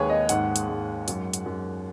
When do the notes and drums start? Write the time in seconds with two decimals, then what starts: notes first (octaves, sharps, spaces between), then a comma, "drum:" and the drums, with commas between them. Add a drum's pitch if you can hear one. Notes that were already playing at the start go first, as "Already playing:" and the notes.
Already playing: D#2 G#3 G#4 B4 C#5
0.10 D#5
0.29 G#2 F#5, drum: hi-hat
0.56 drum: hi-hat
0.69 G#2
1.08 F#2, drum: hi-hat
1.33 drum: hi-hat
1.46 F#2